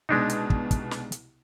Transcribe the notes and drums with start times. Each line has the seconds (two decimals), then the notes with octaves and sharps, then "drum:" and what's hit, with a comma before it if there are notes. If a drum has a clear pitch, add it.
0.09 C2 B2 G#3 D4 D#4
0.30 drum: hi-hat
0.50 drum: kick
0.71 drum: kick, hi-hat
0.91 drum: snare
1.12 drum: hi-hat